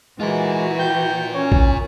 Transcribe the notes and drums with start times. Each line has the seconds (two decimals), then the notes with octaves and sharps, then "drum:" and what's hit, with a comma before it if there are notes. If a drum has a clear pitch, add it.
0.20 E3 G#3 F4 F#4 A#4
0.79 G5 G6
1.34 C#4 C#5
1.52 drum: kick A#1